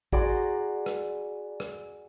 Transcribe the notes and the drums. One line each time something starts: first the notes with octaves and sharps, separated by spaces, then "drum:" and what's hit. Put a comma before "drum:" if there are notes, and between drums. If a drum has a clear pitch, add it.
F#4 G#4 D5 A#5 C6, drum: kick
drum: rim click
drum: rim click